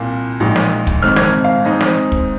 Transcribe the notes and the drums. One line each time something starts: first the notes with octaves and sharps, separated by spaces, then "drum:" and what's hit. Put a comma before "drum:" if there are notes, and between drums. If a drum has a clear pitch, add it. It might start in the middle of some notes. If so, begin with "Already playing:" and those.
Already playing: C2 A#2 A#3
A#1 A#2 G#3 D#4
drum: snare
drum: kick, hi-hat
G#1 G#2 D#3 C4 F6
G#6, drum: snare
F6
F5
G#2 G#3 C4 D#4 D#5
drum: snare
drum: kick